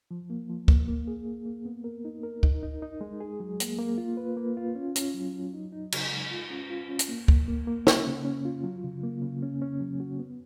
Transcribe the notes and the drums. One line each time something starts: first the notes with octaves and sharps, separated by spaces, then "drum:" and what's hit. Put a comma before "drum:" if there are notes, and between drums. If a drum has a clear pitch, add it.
F3
A#3
F3
A#3, drum: kick D2
A#3
G#4
A#3
A#3
B3
A#4
D#4
A#4
D#4, drum: kick D2
D#4
D#4
G#3
G#4
F#3
A#3, drum: hi-hat
A#3
F4
B4
A#3
F4
C#4
C#4, drum: hi-hat
F#3
F#3
D#4
D#4
C#3, drum: cymbal
G#3
F4
C#4
F4
C#4
drum: hi-hat
A#3
A#3, drum: kick D2
A#3
A#3
C#4, drum: snare
C#3
C#4
F4
F#3
C#3
A#3
C#3
C#4
C#4
F#3
F#4
B3